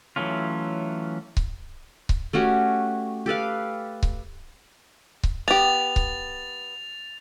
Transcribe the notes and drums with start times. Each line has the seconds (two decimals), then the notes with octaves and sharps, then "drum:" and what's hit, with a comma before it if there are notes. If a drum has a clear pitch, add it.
0.16 E3 F#3 A3 C#4 F4
1.37 drum: kick C#1
2.09 drum: kick C#1
2.33 A3 C#4 F#4 G4
3.26 G4 A4 B4 F5
4.03 drum: kick C#1
5.23 drum: kick C#1
5.48 B3 G4 A6 F7
5.96 drum: kick C#1